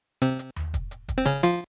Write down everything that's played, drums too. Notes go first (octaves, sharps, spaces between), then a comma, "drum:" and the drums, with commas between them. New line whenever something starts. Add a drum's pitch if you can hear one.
C3 C4, drum: hi-hat
drum: hi-hat
drum: tom D#2
drum: kick, hi-hat
drum: hi-hat
drum: kick, hi-hat
C4
C#3 C#4, drum: hi-hat
F3 F4, drum: hi-hat